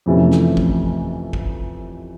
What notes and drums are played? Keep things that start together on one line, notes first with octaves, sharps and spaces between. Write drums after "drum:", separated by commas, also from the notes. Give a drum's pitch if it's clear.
F2 C3 E3 A3 C#4
drum: snare
drum: kick
drum: kick